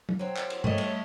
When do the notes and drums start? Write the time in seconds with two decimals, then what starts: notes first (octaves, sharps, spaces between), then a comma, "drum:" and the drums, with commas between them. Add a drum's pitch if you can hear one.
0.09 drum: tom
0.19 F#3 C4
0.36 drum: clap
0.50 drum: cymbal
0.64 G3 A3 C#5 D#5, drum: tom G2
0.78 drum: cymbal